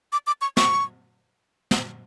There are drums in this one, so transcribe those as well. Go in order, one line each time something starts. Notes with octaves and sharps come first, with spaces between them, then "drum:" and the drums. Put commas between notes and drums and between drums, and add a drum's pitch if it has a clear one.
D6
D6
C#6
C#6, drum: snare
drum: snare